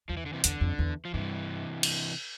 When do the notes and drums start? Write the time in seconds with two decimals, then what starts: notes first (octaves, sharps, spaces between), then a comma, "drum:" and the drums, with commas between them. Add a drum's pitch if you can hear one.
0.09 E2 F3
0.17 E3
0.26 D3
0.33 C3 E3
0.44 E2 D3, drum: hi-hat
0.61 F2
0.79 E2
1.05 F3
1.14 G2 C3 E3
1.83 drum: cymbal